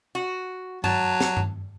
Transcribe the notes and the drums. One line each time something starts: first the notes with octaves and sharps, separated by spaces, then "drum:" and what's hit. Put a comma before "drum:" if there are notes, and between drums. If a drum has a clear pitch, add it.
F#4
F#3 A5, drum: tom G2
drum: snare
drum: tom G2